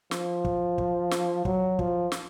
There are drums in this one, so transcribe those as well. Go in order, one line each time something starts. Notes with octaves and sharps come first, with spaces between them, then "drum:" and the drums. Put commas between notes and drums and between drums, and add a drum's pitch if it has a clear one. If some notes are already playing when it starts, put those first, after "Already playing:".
F3, drum: snare
drum: kick
drum: kick
drum: snare
F#3, drum: kick
F3, drum: kick
drum: snare